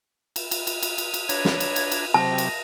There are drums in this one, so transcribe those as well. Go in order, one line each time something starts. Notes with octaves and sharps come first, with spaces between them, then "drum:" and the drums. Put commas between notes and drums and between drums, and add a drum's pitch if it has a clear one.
drum: cymbal
drum: cymbal
drum: cymbal
drum: cymbal
drum: cymbal
drum: cymbal
D4 B4 C#5 A#5 G#6, drum: cymbal
drum: snare
drum: cymbal
drum: cymbal
drum: cymbal
C3 F#3 C4 G4 A5 A#6
drum: cymbal